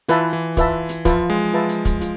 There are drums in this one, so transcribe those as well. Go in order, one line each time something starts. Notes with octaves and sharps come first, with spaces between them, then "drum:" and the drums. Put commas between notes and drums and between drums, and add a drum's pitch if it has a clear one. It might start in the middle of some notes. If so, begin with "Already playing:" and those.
E3 F4 B4 E5 A5, drum: hi-hat
E3
F4 B4 E5 A5, drum: kick, hi-hat
drum: hi-hat
F3 F4 B4 E5 A5, drum: kick, hi-hat
G#3
F4 B4 E5 A5
drum: hi-hat
drum: kick, hi-hat
F4, drum: hi-hat